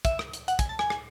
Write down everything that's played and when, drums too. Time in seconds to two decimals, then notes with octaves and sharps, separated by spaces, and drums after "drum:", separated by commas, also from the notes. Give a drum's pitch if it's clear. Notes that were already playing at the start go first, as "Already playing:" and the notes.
0.05 E5, drum: kick, hi-hat
0.19 drum: rim click
0.33 drum: hi-hat
0.48 F#5, drum: hi-hat
0.59 G#5, drum: kick, hi-hat
0.69 A5
0.79 G#5, drum: rim click
0.90 drum: rim click